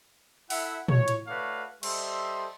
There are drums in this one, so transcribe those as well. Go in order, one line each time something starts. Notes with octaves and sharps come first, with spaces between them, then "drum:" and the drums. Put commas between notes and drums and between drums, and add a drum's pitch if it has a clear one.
E4 A4 E5 F#5, drum: open hi-hat
C#5, drum: tom
drum: hi-hat
A3 F#4 B4 C#5 D5 F5
G3 A4 C5 D#5 E5 C6, drum: cymbal